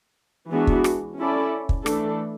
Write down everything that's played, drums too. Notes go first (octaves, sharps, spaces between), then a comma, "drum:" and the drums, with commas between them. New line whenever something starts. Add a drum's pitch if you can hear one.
E3 G#3 B3 D4 F#4
drum: kick
drum: rim click
C#4 E4 A4 D5
drum: kick
E3 A3 D4 A4, drum: rim click